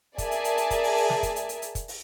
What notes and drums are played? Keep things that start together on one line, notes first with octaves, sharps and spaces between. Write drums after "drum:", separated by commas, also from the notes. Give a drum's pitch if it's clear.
G#4 A#4 D5 E5 G#5 A5, drum: kick, hi-hat
drum: hi-hat
drum: hi-hat
drum: hi-hat
drum: kick, hi-hat
drum: open hi-hat
drum: open hi-hat
drum: snare
drum: kick, hi-hat
drum: hi-hat
drum: hi-hat
drum: hi-hat
drum: kick, hi-hat
drum: open hi-hat